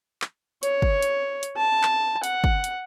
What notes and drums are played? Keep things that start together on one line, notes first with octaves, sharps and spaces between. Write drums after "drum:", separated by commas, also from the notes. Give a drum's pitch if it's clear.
drum: clap
C#5, drum: hi-hat
drum: kick
drum: hi-hat
drum: hi-hat
A5
drum: clap
F#5, drum: hi-hat
drum: kick
drum: hi-hat